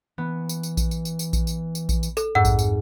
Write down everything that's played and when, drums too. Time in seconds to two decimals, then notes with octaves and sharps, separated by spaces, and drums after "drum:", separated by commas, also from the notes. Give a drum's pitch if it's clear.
0.18 E3 B3
0.49 drum: tambourine
0.63 drum: tambourine
0.77 drum: kick A#1, tambourine
0.91 drum: tambourine
1.05 drum: tambourine
1.19 drum: tambourine
1.33 drum: kick A#1, tambourine
1.47 drum: tambourine
1.75 drum: tambourine
1.89 drum: kick A#1, tambourine
2.03 drum: tambourine
2.17 A4, drum: tambourine
2.35 F2 G#2 F#5 E6
2.45 drum: kick A#1, tambourine
2.59 drum: tambourine